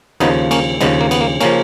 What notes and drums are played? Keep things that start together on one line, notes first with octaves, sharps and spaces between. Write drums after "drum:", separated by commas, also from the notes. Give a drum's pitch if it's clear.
D#2 C#3 F3 B3 D#4, drum: cymbal
A#3 C#4, drum: cymbal
D#2 C#3 F3 G#3 B3, drum: cymbal
A#3
B3, drum: cymbal
A#3
C#3 F3 A#3 C#4, drum: cymbal